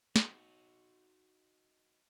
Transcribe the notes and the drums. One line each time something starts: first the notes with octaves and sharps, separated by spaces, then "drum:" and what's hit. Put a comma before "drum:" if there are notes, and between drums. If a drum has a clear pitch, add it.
D#4 F#4, drum: snare